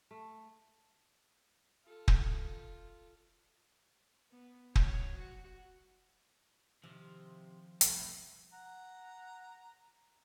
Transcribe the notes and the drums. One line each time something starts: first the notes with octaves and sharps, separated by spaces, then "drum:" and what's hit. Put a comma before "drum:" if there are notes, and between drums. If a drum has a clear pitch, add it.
A3
F4 A4
drum: kick
B3
F#3 C#5, drum: kick
F#4
C3 D#3 F3
F1 C2 G2 B2 A3 B3, drum: hi-hat
F#5 A#5